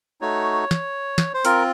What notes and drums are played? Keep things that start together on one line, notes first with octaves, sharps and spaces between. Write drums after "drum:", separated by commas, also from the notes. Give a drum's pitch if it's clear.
A3 D#4 F#4 C#5
drum: snare
drum: snare
C5
C4 F4 A#4, drum: hi-hat